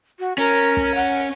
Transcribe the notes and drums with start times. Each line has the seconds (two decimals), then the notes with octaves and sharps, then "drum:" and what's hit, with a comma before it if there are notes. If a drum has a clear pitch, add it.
0.19 F#4
0.38 C#4 A#4, drum: open hi-hat
0.77 drum: kick, hi-hat
0.95 F#5, drum: open hi-hat
1.16 drum: open hi-hat